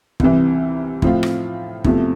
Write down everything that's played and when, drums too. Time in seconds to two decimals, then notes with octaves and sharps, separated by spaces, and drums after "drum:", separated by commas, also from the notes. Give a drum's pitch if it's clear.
0.20 C2 C3 E3, drum: kick
1.02 A2 F3 C4 F4, drum: kick
1.23 drum: rim click
1.84 E2 C3 F3 A3, drum: kick